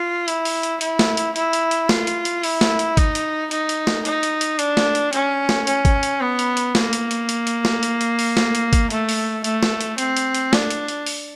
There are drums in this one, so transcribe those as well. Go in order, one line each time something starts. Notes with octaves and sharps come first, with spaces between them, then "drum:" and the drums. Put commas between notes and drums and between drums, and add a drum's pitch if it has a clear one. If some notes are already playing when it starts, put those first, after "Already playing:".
Already playing: F4
E4, drum: hi-hat
drum: open hi-hat
drum: hi-hat
E4, drum: hi-hat
drum: snare
drum: hi-hat
E4, drum: hi-hat
drum: hi-hat
drum: hi-hat
F4, drum: snare
drum: hi-hat
drum: hi-hat
E4, drum: open hi-hat
drum: snare
drum: hi-hat
D#4, drum: kick G#1, hi-hat
drum: hi-hat
D#4, drum: hi-hat
drum: hi-hat
drum: snare
D#4, drum: hi-hat
drum: hi-hat
drum: hi-hat
D4, drum: hi-hat
drum: snare
drum: hi-hat
C#4, drum: hi-hat
drum: snare
C#4, drum: hi-hat
drum: kick G#1, hi-hat
drum: hi-hat
B3
drum: hi-hat
drum: hi-hat
A#3, drum: snare
drum: hi-hat
drum: hi-hat
drum: hi-hat
drum: hi-hat
drum: snare
drum: hi-hat
drum: hi-hat
drum: open hi-hat
drum: snare
drum: hi-hat
drum: kick G#1, hi-hat
A3, drum: hi-hat
drum: open hi-hat
A3, drum: hi-hat
drum: snare
drum: hi-hat
C4, drum: hi-hat
drum: hi-hat
drum: hi-hat
D4, drum: snare
drum: hi-hat
drum: hi-hat
drum: open hi-hat